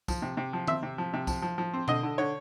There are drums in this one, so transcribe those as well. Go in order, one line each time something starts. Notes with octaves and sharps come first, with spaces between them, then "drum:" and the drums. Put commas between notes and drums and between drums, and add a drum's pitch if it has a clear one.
F3, drum: kick, tambourine
C3
C3
F3
C4 E5, drum: tom D#3
C3
F3
C3
F3, drum: kick, tambourine
F3
F3
C4
D3 D#5, drum: tom B2
D3
D3 C#5